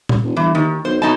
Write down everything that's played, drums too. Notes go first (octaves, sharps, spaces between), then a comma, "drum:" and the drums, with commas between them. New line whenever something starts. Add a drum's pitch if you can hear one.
drum: tom
E1
G1 E3
D#2 D#3
B1 C5
B1 B2 D#4 A5